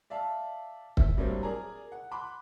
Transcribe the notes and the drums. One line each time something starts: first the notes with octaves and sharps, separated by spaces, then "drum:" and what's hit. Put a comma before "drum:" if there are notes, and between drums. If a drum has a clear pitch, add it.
D5 E5 F5 A5
E5, drum: kick C#1
A2 F#3 G3 A#3 C4 D4
G#4 A#4 D5 G#5 A#5
F#5
B5 C6 D6 F#6